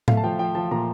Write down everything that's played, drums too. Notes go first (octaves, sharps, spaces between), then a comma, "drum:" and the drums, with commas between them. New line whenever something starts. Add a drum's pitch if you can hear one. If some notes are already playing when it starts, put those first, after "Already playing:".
A3 F5, drum: tom A2
A5
F3 G5
F3 G5
F3 A5
A#2 A#5